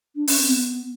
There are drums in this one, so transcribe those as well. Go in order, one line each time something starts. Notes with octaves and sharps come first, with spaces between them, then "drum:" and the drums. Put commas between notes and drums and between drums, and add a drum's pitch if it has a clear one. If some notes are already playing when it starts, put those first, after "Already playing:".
D4
C#4, drum: open hi-hat
C4
B3